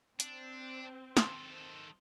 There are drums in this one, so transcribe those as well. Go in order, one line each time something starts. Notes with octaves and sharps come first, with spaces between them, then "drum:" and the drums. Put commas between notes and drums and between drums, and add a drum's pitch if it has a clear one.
C4 D4, drum: hi-hat
D#3 A4 C6 F7, drum: snare